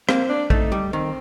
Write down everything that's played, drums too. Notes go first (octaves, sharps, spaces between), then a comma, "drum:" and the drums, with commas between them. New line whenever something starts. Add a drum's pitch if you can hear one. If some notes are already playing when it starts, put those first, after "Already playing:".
A#3 C4, drum: rim click
D4
A3 D#4, drum: kick
G3
D#3 C4